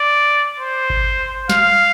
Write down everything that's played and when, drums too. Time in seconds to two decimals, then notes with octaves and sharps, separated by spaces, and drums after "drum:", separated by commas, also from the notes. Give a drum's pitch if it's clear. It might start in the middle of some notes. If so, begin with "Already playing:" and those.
Already playing: D5
0.59 C5
0.90 drum: kick G#1
1.49 F5, drum: snare